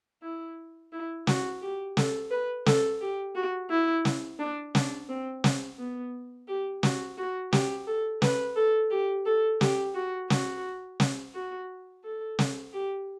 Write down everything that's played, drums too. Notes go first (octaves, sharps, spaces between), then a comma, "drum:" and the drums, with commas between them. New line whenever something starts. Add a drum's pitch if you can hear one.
E4
E4
F#4, drum: snare
G4
A4, drum: snare
B4
A4, drum: snare
G4
F#4
E4
drum: snare
D4
D4, drum: snare
C4
drum: snare
B3
G4
F#4, drum: snare
F#4
G4, drum: snare
A4
B4, drum: snare
A4
G4
A4
G4, drum: snare
F#4
F#4, drum: snare
drum: snare
F#4
A4
drum: snare
G4